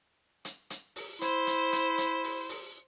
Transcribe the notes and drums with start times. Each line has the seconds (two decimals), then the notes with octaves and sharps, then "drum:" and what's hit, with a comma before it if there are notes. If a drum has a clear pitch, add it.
0.45 drum: hi-hat
0.70 drum: hi-hat
0.96 drum: open hi-hat
1.21 E4 C5, drum: hi-hat
1.47 drum: hi-hat
1.72 drum: hi-hat
1.98 drum: hi-hat
2.24 drum: open hi-hat
2.49 drum: open hi-hat